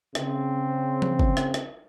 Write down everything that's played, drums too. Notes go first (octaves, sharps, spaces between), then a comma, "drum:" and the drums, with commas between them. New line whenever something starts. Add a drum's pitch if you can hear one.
C#3 C4, drum: rim click
drum: tom F3
drum: kick
drum: rim click
drum: rim click